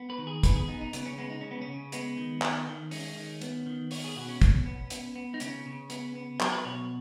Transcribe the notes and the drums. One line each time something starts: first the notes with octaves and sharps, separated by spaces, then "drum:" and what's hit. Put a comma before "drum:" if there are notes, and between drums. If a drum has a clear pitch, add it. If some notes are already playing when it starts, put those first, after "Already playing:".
Already playing: B3
B4
D#3
G#4
B3 B4, drum: kick, hi-hat
G#4
B3 D#4
D#4
C#3 B3, drum: hi-hat
C#4
G#3 B3
D#4
C#3 C#4
B3
C#4
C#3
G#3 B3, drum: hi-hat
D#3
D#3, drum: clap
D#3
G#3 C#4, drum: open hi-hat
D#3
B3, drum: hi-hat
D#3
B3 C#5, drum: open hi-hat
G#4
B2 F#4
C#4
B2, drum: kick, hi-hat
B3
B3, drum: hi-hat
B3
D#4
C#3 C#4, drum: hi-hat
C#3
B3, drum: hi-hat
B3
F#3, drum: clap
B4
B2 C#5